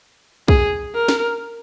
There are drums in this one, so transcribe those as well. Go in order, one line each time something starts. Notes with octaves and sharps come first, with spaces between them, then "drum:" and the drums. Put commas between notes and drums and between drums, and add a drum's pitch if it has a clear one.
G#4, drum: kick
A#4
drum: snare